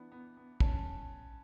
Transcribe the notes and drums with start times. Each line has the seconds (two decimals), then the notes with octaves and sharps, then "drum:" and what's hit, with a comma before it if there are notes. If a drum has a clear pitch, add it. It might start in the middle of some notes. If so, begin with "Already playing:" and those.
Already playing: E3 B3 D4
0.12 B3
0.37 B3
0.60 C#4 A5, drum: kick